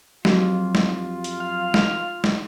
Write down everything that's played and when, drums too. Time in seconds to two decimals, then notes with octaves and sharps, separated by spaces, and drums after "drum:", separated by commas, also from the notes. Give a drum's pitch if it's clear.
0.25 F2 F#3 F4 G4, drum: snare
0.75 drum: snare
1.24 drum: hi-hat
1.41 F5
1.74 drum: snare
2.24 drum: snare